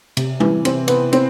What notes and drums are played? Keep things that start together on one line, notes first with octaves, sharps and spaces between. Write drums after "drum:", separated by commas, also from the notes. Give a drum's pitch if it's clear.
C3, drum: cymbal
E3, drum: tom G3
C4, drum: cymbal
B3, drum: cymbal
C4, drum: cymbal